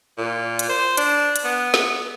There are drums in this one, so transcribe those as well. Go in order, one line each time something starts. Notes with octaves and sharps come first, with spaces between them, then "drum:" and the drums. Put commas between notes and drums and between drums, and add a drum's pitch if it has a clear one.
A#2
drum: hi-hat
C5
D4, drum: hi-hat
drum: hi-hat
B3
drum: snare